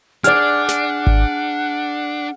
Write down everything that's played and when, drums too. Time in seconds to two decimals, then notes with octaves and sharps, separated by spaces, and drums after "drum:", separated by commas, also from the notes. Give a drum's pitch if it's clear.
0.24 D4 G#4 D5 F#5 F6, drum: hi-hat
0.69 drum: snare
1.07 drum: kick G#1